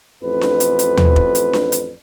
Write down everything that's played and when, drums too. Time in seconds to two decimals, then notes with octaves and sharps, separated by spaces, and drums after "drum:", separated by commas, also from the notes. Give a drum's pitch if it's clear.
0.23 A1 F2 B4
0.41 drum: snare D4
0.60 drum: hi-hat
0.79 drum: hi-hat
0.97 drum: tom D#2
1.16 drum: kick
1.35 drum: hi-hat
1.53 drum: snare D4
1.72 drum: hi-hat